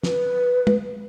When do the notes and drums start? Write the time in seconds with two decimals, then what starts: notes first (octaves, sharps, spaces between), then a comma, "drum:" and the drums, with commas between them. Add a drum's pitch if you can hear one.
0.03 B4, drum: snare
0.67 drum: tom